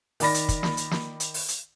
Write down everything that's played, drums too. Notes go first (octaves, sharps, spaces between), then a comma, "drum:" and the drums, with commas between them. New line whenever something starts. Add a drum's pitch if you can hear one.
D#3 D5 B5 A#6, drum: open hi-hat
drum: hi-hat
drum: kick, hi-hat
drum: snare
drum: hi-hat
drum: snare
drum: hi-hat
drum: open hi-hat
drum: hi-hat